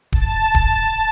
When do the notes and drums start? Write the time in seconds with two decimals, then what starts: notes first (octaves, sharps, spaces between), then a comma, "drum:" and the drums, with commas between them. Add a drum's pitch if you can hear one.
0.12 A5, drum: kick D1
0.55 drum: kick D1